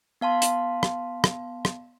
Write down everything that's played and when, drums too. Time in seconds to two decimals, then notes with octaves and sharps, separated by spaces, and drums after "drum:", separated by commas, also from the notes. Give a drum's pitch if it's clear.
0.21 B3 F5 A5 C6
0.42 drum: hi-hat
0.83 drum: rim click
1.24 drum: rim click
1.65 drum: rim click